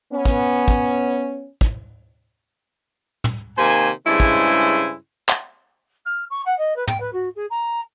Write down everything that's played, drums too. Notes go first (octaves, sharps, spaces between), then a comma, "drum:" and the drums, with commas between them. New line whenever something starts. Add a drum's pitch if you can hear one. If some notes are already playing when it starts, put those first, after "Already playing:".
B3 C#4
drum: kick
drum: kick
drum: kick
drum: tom
C3 D#3 A#3 C5 G#5
G2 C#3 G#3 E4 C5 G#5
drum: kick
drum: clap
F6
C#6
F#5
D#5
B4
G5, drum: tom
B4
F#4
G#4
A#5